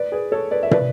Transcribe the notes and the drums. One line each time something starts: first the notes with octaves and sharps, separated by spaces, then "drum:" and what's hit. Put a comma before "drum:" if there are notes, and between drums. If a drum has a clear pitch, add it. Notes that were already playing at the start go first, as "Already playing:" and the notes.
Already playing: B4 D5
G#4 B4
A4 C#5
B4 D5
E5
B4 D5, drum: tom